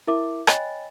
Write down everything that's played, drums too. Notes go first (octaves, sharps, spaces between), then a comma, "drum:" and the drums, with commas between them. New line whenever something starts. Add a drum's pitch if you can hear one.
E4 A#4 E5 D6
C#5 D#5 G5 G#5 B5 A6, drum: rim click